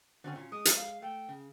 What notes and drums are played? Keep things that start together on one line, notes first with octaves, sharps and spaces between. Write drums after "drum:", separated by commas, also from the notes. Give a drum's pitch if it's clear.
D3 C4 C#4 F#4
A#2 C#4
G#3 D#6
drum: hi-hat
F5
A3 G5
C#3